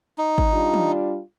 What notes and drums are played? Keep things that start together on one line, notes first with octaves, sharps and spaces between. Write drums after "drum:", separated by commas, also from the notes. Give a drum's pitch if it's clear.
D#4
drum: kick G#1
G3 D4 F4
drum: tom